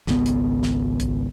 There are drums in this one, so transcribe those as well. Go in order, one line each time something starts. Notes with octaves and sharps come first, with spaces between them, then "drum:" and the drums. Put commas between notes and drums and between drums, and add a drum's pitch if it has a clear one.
G#1 C#2 B3, drum: snare
drum: hi-hat
drum: snare
drum: kick, hi-hat